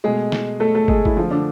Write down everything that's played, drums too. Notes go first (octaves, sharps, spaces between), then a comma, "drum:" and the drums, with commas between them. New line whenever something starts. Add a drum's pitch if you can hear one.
B2 G#3 A3 G#4
drum: snare
A3 A4
A3 A4
G#3 G#4, drum: kick
E4, drum: kick
D3 F3 A3 F4
D3 D4